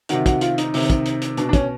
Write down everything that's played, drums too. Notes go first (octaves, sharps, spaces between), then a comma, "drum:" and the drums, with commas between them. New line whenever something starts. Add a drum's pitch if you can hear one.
C3 D#3 F#4, drum: hi-hat
F#4, drum: kick, hi-hat
F4, drum: hi-hat
D#4, drum: hi-hat
C3 D#3, drum: open hi-hat
drum: kick, hi-hat
drum: hi-hat
drum: hi-hat
B2 D4, drum: hi-hat
D4
C#4, drum: kick, hi-hat